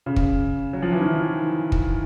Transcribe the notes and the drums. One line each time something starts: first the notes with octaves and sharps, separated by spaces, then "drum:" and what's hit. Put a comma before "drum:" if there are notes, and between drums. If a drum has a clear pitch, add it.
C#3
drum: kick
F#3
F3
E3
D#3
drum: kick